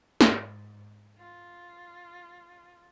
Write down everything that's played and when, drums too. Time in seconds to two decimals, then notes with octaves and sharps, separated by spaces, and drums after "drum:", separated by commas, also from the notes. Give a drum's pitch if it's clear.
0.21 G#2, drum: snare
1.17 F4